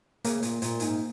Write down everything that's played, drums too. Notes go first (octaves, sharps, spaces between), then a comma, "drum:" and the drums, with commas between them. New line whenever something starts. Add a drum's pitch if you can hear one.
C#3 A#3, drum: hi-hat
A#2, drum: hi-hat
A#2, drum: hi-hat
G#2, drum: hi-hat